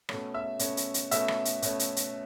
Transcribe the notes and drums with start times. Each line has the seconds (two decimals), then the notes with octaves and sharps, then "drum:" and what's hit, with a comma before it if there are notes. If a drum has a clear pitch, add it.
0.09 B2 A3 C#4, drum: rim click
0.34 E5 E6
0.59 B2 A3 C#4, drum: hi-hat
0.77 drum: hi-hat
0.94 drum: hi-hat
1.11 B2 A3 C#4 E5 E6, drum: hi-hat
1.28 drum: rim click
1.45 drum: hi-hat
1.62 B2 A3 C#4, drum: hi-hat
1.79 drum: hi-hat
1.97 drum: hi-hat